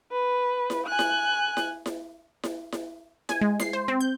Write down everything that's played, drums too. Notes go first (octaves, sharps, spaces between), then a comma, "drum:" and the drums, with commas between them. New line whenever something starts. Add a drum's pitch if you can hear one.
B4
drum: snare E4
G#5 F#6
drum: snare E4
drum: snare E4
drum: snare E4
drum: snare E4
drum: snare E4
G#5, drum: snare E4
G#3
C7, drum: snare E4
C5
C4
G6